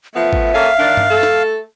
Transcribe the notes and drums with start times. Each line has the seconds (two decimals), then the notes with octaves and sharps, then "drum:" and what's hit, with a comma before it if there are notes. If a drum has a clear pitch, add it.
0.15 F3 A3 B3 E5
0.33 drum: kick G#1
0.54 A#3 C#4 A4 F5
0.78 D#3 D4
0.97 drum: tom G2
1.10 A3 A4
1.23 drum: snare